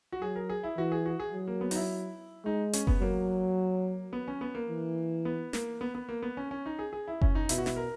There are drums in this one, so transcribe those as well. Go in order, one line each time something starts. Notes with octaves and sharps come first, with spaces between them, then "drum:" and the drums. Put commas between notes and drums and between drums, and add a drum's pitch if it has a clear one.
F#4
F#3 G#4
A#4
G#4
E4
E3 F#4
G#4
F#4
G#4
F#3
A#3
B3
D#4, drum: open hi-hat
E4
G#3 D#4
C#4, drum: hi-hat
B3, drum: kick F#1
F#3 A#3
B3
C#4
B3
A#3
E3
B3
A#3, drum: snare
B3
B3
A#3
B3
C#4
C#4
D#4
G#4
G#4
E4
C#4, drum: kick F#1
D#4
B2 E4, drum: hi-hat
F#4
E4, drum: snare
A#4